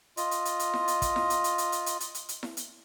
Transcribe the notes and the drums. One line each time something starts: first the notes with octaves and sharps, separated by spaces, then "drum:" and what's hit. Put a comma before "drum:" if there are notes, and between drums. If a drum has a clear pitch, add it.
F4 D#5, drum: hi-hat
drum: hi-hat
drum: hi-hat
drum: hi-hat
drum: snare E4
drum: hi-hat
drum: kick, hi-hat
drum: snare E4
drum: hi-hat
drum: hi-hat
drum: hi-hat
drum: hi-hat
drum: hi-hat
drum: hi-hat
drum: hi-hat
drum: hi-hat
drum: snare E4
drum: hi-hat